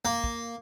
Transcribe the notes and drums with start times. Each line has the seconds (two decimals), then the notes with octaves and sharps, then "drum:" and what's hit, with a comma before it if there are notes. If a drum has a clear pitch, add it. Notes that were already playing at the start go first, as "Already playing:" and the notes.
0.05 A#3, drum: tom F2
0.24 drum: kick